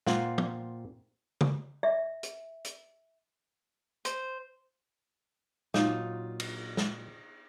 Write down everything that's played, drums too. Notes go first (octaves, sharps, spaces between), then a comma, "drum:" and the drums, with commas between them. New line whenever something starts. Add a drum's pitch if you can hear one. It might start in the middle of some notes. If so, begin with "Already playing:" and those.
A#2 C4 F4 F5 F#5, drum: snare
drum: tom
drum: tom
E5
drum: hi-hat
drum: hi-hat
C5, drum: hi-hat
A#2 F#3 D#4 F4, drum: snare
drum: cymbal
drum: snare